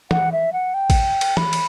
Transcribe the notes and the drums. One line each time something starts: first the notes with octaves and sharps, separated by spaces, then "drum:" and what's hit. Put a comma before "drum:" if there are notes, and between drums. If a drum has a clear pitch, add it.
F#5, drum: tom E3
E5
F#5
G5
drum: kick A1, cymbal
drum: cymbal
B5, drum: tom E3
drum: cymbal